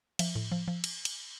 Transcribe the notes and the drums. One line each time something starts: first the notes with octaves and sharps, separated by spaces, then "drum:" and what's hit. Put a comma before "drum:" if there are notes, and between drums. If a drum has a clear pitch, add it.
F3 E5, drum: cymbal
A2
F3
F3
drum: cymbal
drum: cymbal